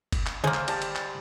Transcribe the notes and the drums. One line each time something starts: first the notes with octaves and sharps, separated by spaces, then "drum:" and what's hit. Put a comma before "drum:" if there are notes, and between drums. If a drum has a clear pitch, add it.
drum: kick, cymbal
drum: clap
C#3 G#3 A#3 C5
drum: clap
G3 A5, drum: cymbal
drum: cymbal
drum: clap